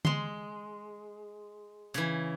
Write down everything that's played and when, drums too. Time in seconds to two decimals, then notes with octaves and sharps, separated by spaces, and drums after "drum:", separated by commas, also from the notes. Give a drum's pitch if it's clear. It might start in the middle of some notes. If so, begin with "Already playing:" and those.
0.05 G#3 C6, drum: tom D3
1.94 C#3 E3, drum: hi-hat